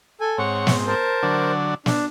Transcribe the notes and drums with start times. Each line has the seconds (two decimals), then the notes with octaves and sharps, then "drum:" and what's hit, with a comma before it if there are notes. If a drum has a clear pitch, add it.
0.21 A4 G#5
0.38 G#2 C4 C#5 F#5 C#6
0.67 drum: snare
0.87 A#4 C5 A5
1.23 D3 F#3 D4
1.86 D4, drum: snare